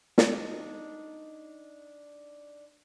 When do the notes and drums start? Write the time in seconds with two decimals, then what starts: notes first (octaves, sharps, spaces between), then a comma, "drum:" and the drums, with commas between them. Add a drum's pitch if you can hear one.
0.18 D4 D#4, drum: snare